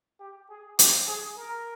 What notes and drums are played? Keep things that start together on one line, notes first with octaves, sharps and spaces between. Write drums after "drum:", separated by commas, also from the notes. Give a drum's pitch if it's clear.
G4
G#4
G4, drum: hi-hat
G#4
A#4